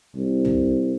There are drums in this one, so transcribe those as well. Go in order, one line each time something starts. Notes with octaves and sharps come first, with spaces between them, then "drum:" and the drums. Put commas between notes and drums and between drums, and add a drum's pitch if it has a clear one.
C2
drum: tom